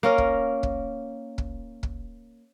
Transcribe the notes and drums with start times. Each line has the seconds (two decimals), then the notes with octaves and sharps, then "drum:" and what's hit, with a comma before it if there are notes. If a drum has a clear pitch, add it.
0.03 A#3 C#4 A#4
0.18 drum: kick
0.63 drum: kick
1.38 drum: kick
1.83 drum: kick